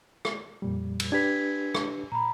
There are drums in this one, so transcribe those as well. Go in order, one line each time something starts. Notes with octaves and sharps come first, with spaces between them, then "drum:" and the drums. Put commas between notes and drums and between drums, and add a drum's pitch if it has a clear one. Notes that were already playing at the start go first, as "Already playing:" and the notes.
drum: rim click
F2 A#2 G3
drum: cymbal
D4 G4 B4 G#6 B6
drum: rim click
A#2 A#5 B5